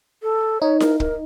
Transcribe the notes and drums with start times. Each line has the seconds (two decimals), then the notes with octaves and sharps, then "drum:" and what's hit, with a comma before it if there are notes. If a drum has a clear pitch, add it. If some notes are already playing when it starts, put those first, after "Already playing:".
0.23 A4
0.61 D#4 C#5
0.80 A#4, drum: snare E4
1.00 A#4, drum: kick